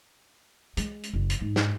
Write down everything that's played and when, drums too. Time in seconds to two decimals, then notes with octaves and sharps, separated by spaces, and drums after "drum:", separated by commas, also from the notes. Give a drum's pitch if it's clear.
0.77 G#3, drum: hi-hat
1.03 drum: hi-hat
1.13 F#1
1.30 drum: hi-hat
1.41 G#2
1.56 drum: snare